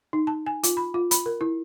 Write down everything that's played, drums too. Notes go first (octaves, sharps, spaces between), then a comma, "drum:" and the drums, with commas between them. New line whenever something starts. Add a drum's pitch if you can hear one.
D#4
A5
G#5
F4, drum: hi-hat
B5
F4
B5, drum: hi-hat
A#4
E4